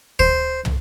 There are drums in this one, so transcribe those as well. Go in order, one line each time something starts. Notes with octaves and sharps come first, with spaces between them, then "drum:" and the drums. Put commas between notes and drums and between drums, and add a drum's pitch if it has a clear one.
C5, drum: kick
drum: tom